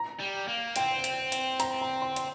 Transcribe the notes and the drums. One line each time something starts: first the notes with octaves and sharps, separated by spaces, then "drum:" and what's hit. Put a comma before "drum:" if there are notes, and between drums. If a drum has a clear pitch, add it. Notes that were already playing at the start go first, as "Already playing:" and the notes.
Already playing: A#5
G3
A#3
C4 G5, drum: hi-hat
drum: hi-hat
drum: hi-hat
A#5, drum: hi-hat
A#5
C6
drum: hi-hat